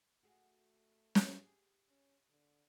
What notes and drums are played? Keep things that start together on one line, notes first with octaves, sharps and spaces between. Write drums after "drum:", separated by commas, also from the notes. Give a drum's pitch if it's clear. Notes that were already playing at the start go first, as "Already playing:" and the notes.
A3 F#4 G#4
drum: snare
G4 G#4
C#4
D3